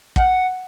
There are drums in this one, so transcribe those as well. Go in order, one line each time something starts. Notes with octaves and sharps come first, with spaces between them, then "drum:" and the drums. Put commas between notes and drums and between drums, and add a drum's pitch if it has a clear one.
F#5, drum: kick